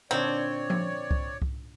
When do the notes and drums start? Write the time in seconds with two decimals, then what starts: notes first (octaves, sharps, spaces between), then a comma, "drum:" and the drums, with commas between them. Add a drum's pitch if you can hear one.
0.11 A#2 D3 C4 D#4 C#5 D5
0.70 drum: tom F3
1.11 drum: kick C2
1.42 drum: kick C2